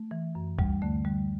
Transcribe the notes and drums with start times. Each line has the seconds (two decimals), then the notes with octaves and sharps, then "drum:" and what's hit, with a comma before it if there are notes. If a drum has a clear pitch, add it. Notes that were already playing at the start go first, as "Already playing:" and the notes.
Already playing: A3
0.11 E3
0.35 F#2
0.59 D2 G3, drum: kick C2
0.82 D3 A3
1.05 D3 G3